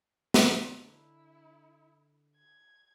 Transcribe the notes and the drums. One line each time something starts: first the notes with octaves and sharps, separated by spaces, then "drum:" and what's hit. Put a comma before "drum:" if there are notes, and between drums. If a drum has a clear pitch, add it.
D3 D4 D#4, drum: snare
E4
G#6